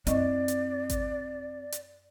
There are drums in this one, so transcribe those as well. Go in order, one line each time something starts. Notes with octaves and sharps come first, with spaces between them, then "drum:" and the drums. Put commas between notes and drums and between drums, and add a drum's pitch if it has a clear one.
F#2 C4 D5 D#5 C#6, drum: hi-hat
drum: hi-hat
drum: kick G#1, hi-hat
drum: hi-hat